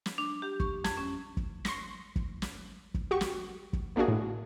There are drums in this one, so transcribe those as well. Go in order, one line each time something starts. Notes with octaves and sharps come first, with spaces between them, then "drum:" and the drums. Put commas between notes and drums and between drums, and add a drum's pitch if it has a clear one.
drum: snare
D4
G4
C#6, drum: kick
F2, drum: snare
C#4
drum: kick
C6 C#6 A#6, drum: snare
drum: kick
drum: snare
drum: kick
F#4 G4 C#6
drum: snare
drum: kick
A3 A#3 D4 F#4 G#4
A2